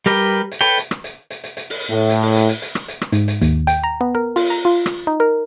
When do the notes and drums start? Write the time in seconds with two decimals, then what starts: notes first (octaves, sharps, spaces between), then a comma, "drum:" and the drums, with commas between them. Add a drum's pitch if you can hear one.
0.06 G3 G4 A#4 B4 G5
0.51 drum: hi-hat
0.61 A4 B4 C#5 G5
0.78 drum: hi-hat
0.91 drum: rim click
1.04 drum: hi-hat
1.30 drum: hi-hat
1.44 drum: hi-hat
1.57 drum: hi-hat
1.70 drum: open hi-hat
1.90 A2
2.09 drum: hi-hat
2.23 drum: open hi-hat
2.36 drum: hi-hat
2.49 drum: hi-hat
2.62 drum: hi-hat
2.75 drum: rim click
2.88 drum: hi-hat
3.01 drum: rim click
3.12 G#2, drum: hi-hat
3.28 drum: hi-hat
3.42 D#2, drum: hi-hat
3.67 G5, drum: hi-hat
3.84 A#5
4.01 B3
4.15 A#4
4.36 F4, drum: open hi-hat
4.50 A#5
4.65 F4
4.86 drum: rim click
5.07 D#4
5.20 A#4